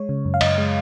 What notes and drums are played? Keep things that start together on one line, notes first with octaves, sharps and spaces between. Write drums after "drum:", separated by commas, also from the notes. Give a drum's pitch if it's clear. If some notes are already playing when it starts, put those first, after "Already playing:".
Already playing: G#3 C#5
C#3
F#2
F5
F#2 D#5, drum: cymbal
G#3